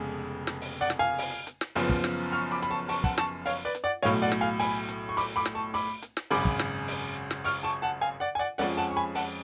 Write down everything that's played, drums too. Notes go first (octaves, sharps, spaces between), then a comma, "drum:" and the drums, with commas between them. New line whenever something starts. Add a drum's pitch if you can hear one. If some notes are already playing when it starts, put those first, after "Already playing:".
Already playing: F1 F2 C#3 G#3 B3
drum: snare
drum: open hi-hat
D5 F#5
drum: snare
F5 G#5
drum: open hi-hat
drum: hi-hat
drum: snare
F#1 F#2 F3 B3, drum: open hi-hat
drum: kick
drum: snare
C#6 F6
B5 D6
B5, drum: hi-hat
A5 C#6
A5 C#6, drum: open hi-hat
F#5 A5, drum: kick
A5 C#6, drum: snare
C#5 F5, drum: open hi-hat
B4 D5
drum: hi-hat
D5 F#5
B1 A2 F#3 C#5 F5, drum: open hi-hat
D5 F#5
drum: snare
F5 G#5
G#5 B5, drum: open hi-hat
drum: hi-hat
C#6
B5 D6, drum: open hi-hat
B5 D6
drum: snare
A5 C#6
B5 D6, drum: open hi-hat
drum: hi-hat
drum: snare
G#1 F#2 C#3 B5 D6, drum: open hi-hat
drum: kick
drum: snare
drum: open hi-hat
drum: snare
C#6 F6, drum: open hi-hat
A5 C#6
F#5 A5
F5 G#5
D5 F#5
G#5
D5 F#5
F2 F3 G#3 C#4 D5 F#5, drum: open hi-hat
F#5 A5
C#6
G#5 B5
F#5 A5, drum: open hi-hat